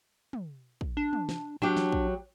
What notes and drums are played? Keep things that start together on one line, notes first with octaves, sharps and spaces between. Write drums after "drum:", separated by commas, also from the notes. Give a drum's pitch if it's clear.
drum: tom
drum: kick
D4
drum: tom
drum: snare
F#3 D4 G4
drum: snare
drum: kick